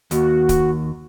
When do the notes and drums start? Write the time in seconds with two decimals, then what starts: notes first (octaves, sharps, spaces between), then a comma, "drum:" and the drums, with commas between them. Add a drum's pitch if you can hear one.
0.11 D#2 F#4, drum: hi-hat
0.49 drum: kick, hi-hat